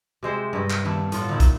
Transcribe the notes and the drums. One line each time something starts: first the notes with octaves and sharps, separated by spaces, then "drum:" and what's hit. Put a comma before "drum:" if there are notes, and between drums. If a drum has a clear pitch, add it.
C3 G#3 C5 E5
G2 E4 A#4 D#5
drum: clap
D4 E4 F5, drum: tom D#3
A2 F4 F#5, drum: hi-hat
A#2 D#4 E4, drum: tom D3
drum: kick, hi-hat